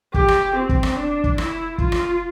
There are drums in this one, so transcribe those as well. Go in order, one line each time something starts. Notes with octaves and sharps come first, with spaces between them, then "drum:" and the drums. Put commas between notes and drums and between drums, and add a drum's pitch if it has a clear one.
G4, drum: kick
drum: rim click
C4
drum: kick
drum: rim click
D4
drum: kick
E4, drum: rim click
F4, drum: kick
drum: rim click